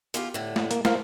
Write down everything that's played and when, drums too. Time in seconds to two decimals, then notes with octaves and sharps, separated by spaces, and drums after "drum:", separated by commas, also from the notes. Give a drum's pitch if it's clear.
0.14 E2 F4 G4, drum: hi-hat
0.34 A2 D3
0.56 drum: snare
0.71 A#3, drum: hi-hat
0.85 F3 A#4 F5, drum: snare